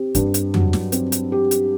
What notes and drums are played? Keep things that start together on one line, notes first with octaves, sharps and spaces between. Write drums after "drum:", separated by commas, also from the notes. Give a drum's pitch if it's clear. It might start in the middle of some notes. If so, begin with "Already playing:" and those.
Already playing: C4 G4
G2, drum: kick, hi-hat
drum: hi-hat
F#3, drum: tom F2
drum: snare
C4, drum: hi-hat
drum: hi-hat
G4
drum: hi-hat